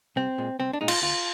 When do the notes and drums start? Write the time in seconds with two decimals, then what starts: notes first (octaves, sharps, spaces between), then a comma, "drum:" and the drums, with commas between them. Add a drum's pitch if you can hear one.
0.16 C2 C4
0.38 A#2 G#3
0.59 C2 C4
0.73 D4
0.81 A#2 G#3 D#4
0.88 F4, drum: cymbal
1.02 D2 F4